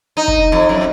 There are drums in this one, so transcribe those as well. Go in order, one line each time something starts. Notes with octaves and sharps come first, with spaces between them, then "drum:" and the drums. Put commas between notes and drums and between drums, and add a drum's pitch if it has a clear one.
D#4
drum: kick
F2
F#2